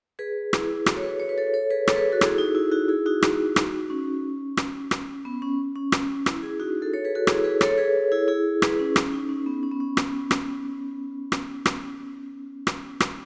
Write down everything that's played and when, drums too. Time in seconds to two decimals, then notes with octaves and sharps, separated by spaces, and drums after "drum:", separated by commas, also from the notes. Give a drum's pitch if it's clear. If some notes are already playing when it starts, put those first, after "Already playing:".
0.19 G#4 B4
0.53 E4 G#4, drum: rim click
0.86 F#4 A4, drum: rim click
0.96 C#5
1.03 G#4 B4
1.20 C#5
1.29 B4
1.38 A4 C#5
1.54 A4 C#5
1.71 G#4 B4
1.88 A4 C#5, drum: rim click
1.96 G#4 B4
2.12 F#4 A4
2.21 E4 G#4, drum: rim click
2.38 D#4 F#4
2.55 E4
2.72 D#4 F#4
2.88 E4 G#4
3.06 D#4 F#4
3.22 drum: rim click
3.56 drum: rim click
3.90 C#4
4.57 drum: rim click
4.91 drum: rim click
5.25 B3
5.42 C#4
5.76 C#4
5.92 drum: rim click
6.26 E4, drum: rim click
6.42 E4 G#4
6.60 D#4 F#4
6.82 F#4 A4
6.94 A4 C#5
7.05 G#4 B4
7.15 F#4 A4
7.27 E4 G#4, drum: rim click
7.44 G#4 B4
7.61 A4 C#5, drum: rim click
7.77 G#4 B4
8.12 E4 G#4
8.28 E4 G#4
8.62 G#4 B4, drum: rim click
8.79 C#4
8.96 C#4, drum: rim click
9.12 D#4
9.29 C#4
9.46 B3
9.63 C#4
9.72 B3
9.80 C#4
9.97 drum: rim click
10.31 drum: rim click
11.32 drum: rim click
11.66 drum: rim click
12.67 drum: rim click
13.00 drum: rim click